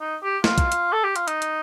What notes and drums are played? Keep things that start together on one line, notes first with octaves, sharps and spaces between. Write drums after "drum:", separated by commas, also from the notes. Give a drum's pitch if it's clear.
D#4
G4
F4, drum: snare
drum: kick, hi-hat
drum: hi-hat
A4
G4
F4, drum: hi-hat
D#4, drum: hi-hat
drum: hi-hat